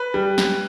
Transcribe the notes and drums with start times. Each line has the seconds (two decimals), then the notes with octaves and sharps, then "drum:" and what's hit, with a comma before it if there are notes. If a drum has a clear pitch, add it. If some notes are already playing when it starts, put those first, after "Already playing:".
Already playing: B4
0.14 G3
0.38 drum: snare